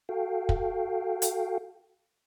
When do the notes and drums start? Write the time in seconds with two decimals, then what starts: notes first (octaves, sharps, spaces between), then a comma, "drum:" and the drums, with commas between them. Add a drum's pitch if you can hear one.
0.09 F#4 A4 F5 G5
0.49 drum: kick
1.22 drum: hi-hat